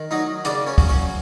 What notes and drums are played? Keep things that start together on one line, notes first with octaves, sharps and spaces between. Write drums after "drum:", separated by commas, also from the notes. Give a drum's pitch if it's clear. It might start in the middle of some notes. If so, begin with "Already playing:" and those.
Already playing: D#3
F#3 D#4 D#5
C#3 D4 D5, drum: hi-hat
C#4 C#5
F#3, drum: kick, open hi-hat
C#4 C#5